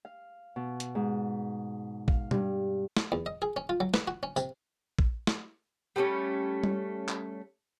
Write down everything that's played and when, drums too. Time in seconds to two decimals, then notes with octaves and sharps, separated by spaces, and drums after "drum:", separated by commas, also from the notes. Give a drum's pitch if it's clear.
0.05 F5
0.56 B2
0.80 drum: hi-hat
0.95 G#2
2.08 F5, drum: kick
2.31 G2, drum: tom B2
2.97 drum: snare
3.12 E2
3.26 D#5
3.42 G#4
3.56 C#4
3.69 F4
3.80 F#3
3.94 B4, drum: snare
4.08 F#4
4.23 C#4
4.36 C3, drum: tambourine
4.99 drum: kick
5.27 drum: snare
5.96 G3 A3 C4 C#4
6.64 drum: tom G3
7.08 drum: clap